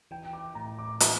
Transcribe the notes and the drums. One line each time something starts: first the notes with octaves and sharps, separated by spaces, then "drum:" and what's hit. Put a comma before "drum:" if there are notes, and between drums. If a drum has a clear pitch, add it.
E3 G5
D6
A2 A#5
D6
E3, drum: hi-hat